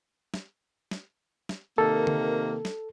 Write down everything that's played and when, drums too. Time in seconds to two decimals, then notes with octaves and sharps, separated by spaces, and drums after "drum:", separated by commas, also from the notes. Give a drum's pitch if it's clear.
0.34 drum: snare
0.91 drum: snare
1.49 drum: snare
1.78 C3 D#3 A#3 A4
2.07 drum: tom D3
2.65 drum: snare